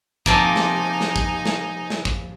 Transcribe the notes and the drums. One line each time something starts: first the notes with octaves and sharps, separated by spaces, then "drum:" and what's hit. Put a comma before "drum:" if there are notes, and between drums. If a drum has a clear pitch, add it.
C3 F3 A#3 D#4 G#5, drum: kick
drum: snare
drum: snare
drum: kick
drum: snare
drum: snare
drum: kick